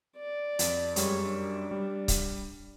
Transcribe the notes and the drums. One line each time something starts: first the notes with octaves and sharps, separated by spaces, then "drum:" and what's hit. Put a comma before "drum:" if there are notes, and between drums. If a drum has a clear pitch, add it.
D5
F2, drum: hi-hat
F#2 G3 G#3 C#5, drum: hi-hat
D4
G3
drum: kick C#1, hi-hat